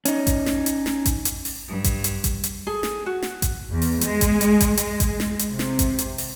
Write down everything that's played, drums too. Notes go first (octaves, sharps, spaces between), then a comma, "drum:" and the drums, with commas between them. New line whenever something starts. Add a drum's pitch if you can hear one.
C#4 D#4, drum: hi-hat
drum: kick A1, hi-hat
drum: snare
drum: hi-hat
drum: snare
drum: kick A1, hi-hat
drum: hi-hat
drum: open hi-hat
G2
drum: kick A1, hi-hat
drum: hi-hat
drum: kick A1, hi-hat
drum: hi-hat
G#4 A4
drum: snare
F#4
drum: snare
drum: kick A1, hi-hat
E2
drum: open hi-hat
G#3, drum: hi-hat
drum: kick A1, hi-hat
drum: hi-hat
drum: kick A1, hi-hat
G#3, drum: hi-hat
drum: kick A1, hi-hat
drum: snare
drum: hi-hat
C3
drum: snare
drum: kick A1, hi-hat
drum: hi-hat
drum: open hi-hat